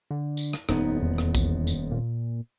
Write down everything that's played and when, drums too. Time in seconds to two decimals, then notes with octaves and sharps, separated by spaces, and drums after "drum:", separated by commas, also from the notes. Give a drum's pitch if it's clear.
0.11 D3
0.37 drum: tambourine
0.53 drum: rim click
0.69 D#1 F2 B3 D#4, drum: rim click
1.02 E2
1.18 drum: rim click
1.35 drum: kick A#1, tambourine
1.67 drum: tambourine
1.91 A#2